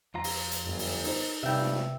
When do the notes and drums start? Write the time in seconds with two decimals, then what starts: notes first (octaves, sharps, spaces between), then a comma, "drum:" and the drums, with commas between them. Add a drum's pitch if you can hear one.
0.14 F2 F4 A#5
0.24 drum: open hi-hat
0.51 drum: hi-hat
0.65 G1 F#2
0.79 drum: open hi-hat
1.04 D#4 A#4 C5 D#5, drum: open hi-hat
1.43 G2 C3 E5 G5
1.62 drum: snare
1.75 drum: snare